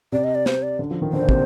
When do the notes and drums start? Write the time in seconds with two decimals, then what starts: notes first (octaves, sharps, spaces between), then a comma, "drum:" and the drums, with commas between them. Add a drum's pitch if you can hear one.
0.12 C3 D5
0.24 D#5
0.35 D5
0.46 C5, drum: snare
0.63 D5
0.79 D3
0.91 F3
1.02 D#3
1.12 D3 C5
1.21 A#2
1.29 C3, drum: kick